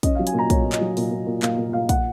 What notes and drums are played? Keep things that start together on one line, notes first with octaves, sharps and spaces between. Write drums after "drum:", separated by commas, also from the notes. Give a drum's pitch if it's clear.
C#4 D#5, drum: kick, hi-hat
F#3 F5
G#5, drum: hi-hat
A#2 A#5
A#2 C#5, drum: kick, hi-hat
A#2
D#5, drum: clap
F#3
A#2, drum: open hi-hat
A#2
A#2
A#2 F5, drum: clap
A#2
A#2 F5
F#5, drum: kick, hi-hat